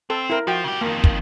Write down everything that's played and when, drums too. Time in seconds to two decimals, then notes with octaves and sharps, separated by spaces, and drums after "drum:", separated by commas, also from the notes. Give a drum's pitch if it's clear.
0.10 C4 A4
0.30 E4 A#4
0.47 F3 F#4 G5
0.64 C#3 G4
0.81 F2 D#3 A#3
1.04 drum: kick